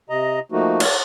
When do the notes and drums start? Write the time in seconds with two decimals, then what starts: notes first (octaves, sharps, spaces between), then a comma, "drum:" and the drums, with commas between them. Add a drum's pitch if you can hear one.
0.09 C3 D#5 A#5
0.52 F3 A3 A#3 D#4 F#4
0.80 drum: cymbal